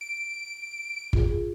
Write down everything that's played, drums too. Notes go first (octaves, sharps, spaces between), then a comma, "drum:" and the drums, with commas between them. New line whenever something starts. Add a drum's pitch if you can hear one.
D7
F4 G#4, drum: kick G1